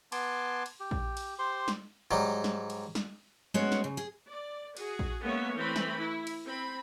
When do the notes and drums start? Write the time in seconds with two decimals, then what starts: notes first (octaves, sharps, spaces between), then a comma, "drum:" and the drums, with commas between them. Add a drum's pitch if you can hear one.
0.12 B3 G#5 A5 C6 D6, drum: cymbal
0.66 drum: cymbal
0.80 G4
0.91 drum: kick A#1
1.17 drum: cymbal
1.39 G4 C5 C6
1.68 drum: snare
2.11 G#2 F#3 G3
2.44 drum: snare
2.70 drum: cymbal
2.95 drum: snare
3.54 G#3 A3 B3 C#4 F#4 C#5
3.72 drum: snare
3.84 C#3
3.97 G#4
4.28 D5
4.77 F#4 G#4, drum: cymbal
4.99 drum: kick A#1
5.22 G#3 A#3 B3 C#4 C#5 E5
5.57 E3 A3 C4 B5
5.76 drum: snare
5.99 E4
6.27 drum: cymbal
6.45 C4 B5